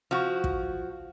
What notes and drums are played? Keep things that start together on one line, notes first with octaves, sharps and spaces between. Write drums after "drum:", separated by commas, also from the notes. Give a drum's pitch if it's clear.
F3 F#4
drum: kick